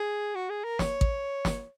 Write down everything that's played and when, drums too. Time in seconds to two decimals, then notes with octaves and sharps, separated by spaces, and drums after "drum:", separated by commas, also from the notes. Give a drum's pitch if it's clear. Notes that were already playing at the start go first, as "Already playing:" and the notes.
Already playing: G#4
0.35 F#4
0.49 G#4
0.64 A#4
0.79 C#5, drum: snare
1.01 drum: kick A1
1.45 drum: snare